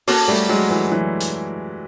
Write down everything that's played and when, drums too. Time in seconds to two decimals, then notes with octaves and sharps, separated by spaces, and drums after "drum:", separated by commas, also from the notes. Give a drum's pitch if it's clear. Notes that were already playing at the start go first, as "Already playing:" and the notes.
0.07 A#3 C#4 F#4 A4 C#5, drum: open hi-hat
0.28 G3 A3
0.49 F#3 G#3
0.70 E3 F#3
0.92 E3 F#3
1.20 drum: hi-hat